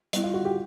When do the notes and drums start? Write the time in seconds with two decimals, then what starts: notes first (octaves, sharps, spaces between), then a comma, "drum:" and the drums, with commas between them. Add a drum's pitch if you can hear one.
0.13 G3 B3 E4, drum: hi-hat
0.24 F4
0.34 F#4
0.45 G4